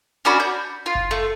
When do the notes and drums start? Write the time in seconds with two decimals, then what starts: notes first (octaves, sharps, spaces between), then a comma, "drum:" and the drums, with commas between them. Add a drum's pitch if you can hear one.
0.25 C#4 D4 F#4 B5
0.40 G6
0.86 F4
0.95 drum: kick F#1
1.11 A3